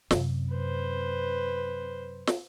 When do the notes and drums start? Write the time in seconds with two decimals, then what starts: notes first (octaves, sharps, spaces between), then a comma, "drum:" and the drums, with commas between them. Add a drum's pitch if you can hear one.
0.11 F#2 C3, drum: snare
0.53 B4 C5
2.27 drum: snare